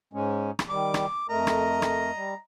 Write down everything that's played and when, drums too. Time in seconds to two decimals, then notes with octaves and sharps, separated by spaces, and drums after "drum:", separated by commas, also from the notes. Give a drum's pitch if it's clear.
0.13 G#2 G#3 C#4
0.59 drum: rim click
0.69 D#3 G3 D6
0.94 drum: rim click
1.29 F2 A3 A#4 D#5 A#5
1.47 drum: rim click
1.82 drum: rim click
2.15 G3